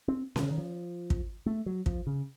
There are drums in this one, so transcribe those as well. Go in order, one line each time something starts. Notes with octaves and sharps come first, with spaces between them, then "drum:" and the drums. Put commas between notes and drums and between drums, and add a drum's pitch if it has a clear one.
C4
C3, drum: snare C#4
C#3
D#3
F3
drum: kick
A3
F#3
F3, drum: kick
C#3